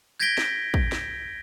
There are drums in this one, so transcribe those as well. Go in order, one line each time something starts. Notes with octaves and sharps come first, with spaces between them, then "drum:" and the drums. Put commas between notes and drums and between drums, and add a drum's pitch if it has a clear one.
G6 G#6 A#6 B6 D7 G7
drum: snare
drum: kick
drum: snare